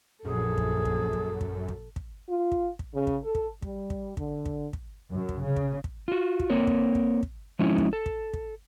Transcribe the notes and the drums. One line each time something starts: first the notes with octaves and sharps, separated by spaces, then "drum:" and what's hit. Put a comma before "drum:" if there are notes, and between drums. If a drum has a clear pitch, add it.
A#1 F#2 G#4 A4
drum: kick
drum: kick
drum: kick
drum: kick
drum: kick
drum: kick
F4
drum: kick
drum: kick
C#3
drum: kick
A4
drum: kick
G3, drum: kick
drum: kick
D3, drum: kick
drum: kick
drum: kick
F#2
drum: kick
C#3
drum: kick
drum: kick
F4 F#4
drum: kick
A#3 C4 A#4 C#5
drum: kick
drum: kick
drum: kick
F3 F#3 G#3 C#4 D#4 E4
drum: kick
A4
drum: kick
drum: kick